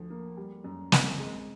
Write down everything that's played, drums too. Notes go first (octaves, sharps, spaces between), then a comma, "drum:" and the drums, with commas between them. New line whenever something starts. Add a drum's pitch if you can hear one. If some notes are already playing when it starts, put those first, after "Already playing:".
Already playing: D2 F3
A#3
G3
F#2
C4, drum: snare
G#3